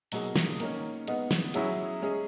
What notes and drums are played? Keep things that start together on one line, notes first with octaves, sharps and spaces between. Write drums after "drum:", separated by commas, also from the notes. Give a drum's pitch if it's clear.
B2 F#3 A#3 D#4 G#4, drum: open hi-hat
drum: snare
D#3 A#3 C#4, drum: hi-hat
G#3 B3 D#4, drum: hi-hat
drum: snare
F#3 C#4 E4 G#4, drum: hi-hat
G#3 C#4 G#4